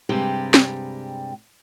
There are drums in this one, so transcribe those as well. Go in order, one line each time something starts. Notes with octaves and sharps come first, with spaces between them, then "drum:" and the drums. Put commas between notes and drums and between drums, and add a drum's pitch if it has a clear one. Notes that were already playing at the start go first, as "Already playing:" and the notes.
G2 C3 G3 G#3 G4
drum: snare